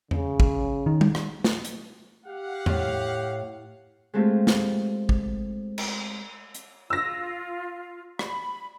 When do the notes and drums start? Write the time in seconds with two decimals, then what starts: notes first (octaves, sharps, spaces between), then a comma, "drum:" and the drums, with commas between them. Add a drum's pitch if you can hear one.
0.11 C#3, drum: tom E2
0.40 drum: kick
0.86 D#3
1.01 drum: tom G3
1.15 drum: rim click
1.44 drum: snare
1.65 drum: hi-hat
2.26 G4 F5 F#5
2.66 A2, drum: tom E2
4.14 G#3 A3 C4 F4 G4
4.47 drum: snare
5.09 drum: kick
5.78 drum: cymbal
6.55 drum: hi-hat
6.90 F4 E6 A#6
8.19 B5, drum: rim click